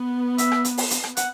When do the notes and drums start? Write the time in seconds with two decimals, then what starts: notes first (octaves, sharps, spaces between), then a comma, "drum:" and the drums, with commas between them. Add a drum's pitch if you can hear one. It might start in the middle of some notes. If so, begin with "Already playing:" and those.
Already playing: B3
0.38 E5, drum: hi-hat
0.52 drum: rim click
0.65 drum: hi-hat
0.78 drum: open hi-hat
0.91 drum: hi-hat
1.04 drum: rim click
1.17 F#5, drum: hi-hat